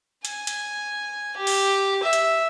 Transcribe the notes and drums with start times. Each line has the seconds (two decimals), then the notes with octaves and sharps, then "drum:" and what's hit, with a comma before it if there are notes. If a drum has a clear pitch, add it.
0.25 G#5, drum: hi-hat
0.47 drum: hi-hat
1.36 G4
1.47 drum: open hi-hat
2.03 E5
2.13 drum: hi-hat